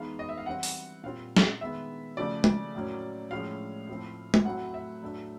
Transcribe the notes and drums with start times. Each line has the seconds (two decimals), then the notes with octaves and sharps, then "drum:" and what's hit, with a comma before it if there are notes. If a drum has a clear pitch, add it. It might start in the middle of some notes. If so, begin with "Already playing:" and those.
Already playing: E3 G#3 B3 D#4 F5
0.19 D#5
0.29 E5
0.38 F5
0.46 E3 G3 C4 F#5
0.63 drum: open hi-hat
1.03 A#2 G3 C4 F4 F5
1.37 drum: snare
1.61 D#3 G#3 B3 E5
2.17 C#3 F3 A3 D5
2.44 drum: tom
2.75 A2 F#3 A#3 C#4
3.31 A2 F3 G#3 C#4 F5
3.88 A2 F3 A3 C4 E4
4.34 drum: tom
4.45 A2 F#3 A3 C4 E4 F#5
4.74 E5
5.02 A2 F#3 A3 D4